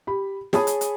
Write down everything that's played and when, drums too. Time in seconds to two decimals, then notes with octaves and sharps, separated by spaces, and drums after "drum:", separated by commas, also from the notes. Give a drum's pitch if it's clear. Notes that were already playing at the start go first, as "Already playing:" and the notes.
0.07 G4 B5
0.53 G#4 C#5 G#5 A5 B5 D#6, drum: snare
0.67 drum: hi-hat
0.81 drum: hi-hat